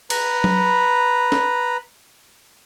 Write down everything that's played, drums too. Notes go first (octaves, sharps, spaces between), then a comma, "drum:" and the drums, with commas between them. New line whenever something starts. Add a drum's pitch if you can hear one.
B4 A#5 B5, drum: cymbal
drum: tom F#3
drum: snare